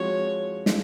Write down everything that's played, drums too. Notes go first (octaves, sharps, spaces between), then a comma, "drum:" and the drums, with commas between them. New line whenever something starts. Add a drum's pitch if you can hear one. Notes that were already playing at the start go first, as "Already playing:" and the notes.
Already playing: F3 G#3 C4 F#4 C#5
F3 G#3, drum: snare